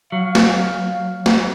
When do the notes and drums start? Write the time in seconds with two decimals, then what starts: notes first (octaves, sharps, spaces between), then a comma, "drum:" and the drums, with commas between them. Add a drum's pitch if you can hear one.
0.12 F#3 F5
0.35 drum: snare
1.26 drum: snare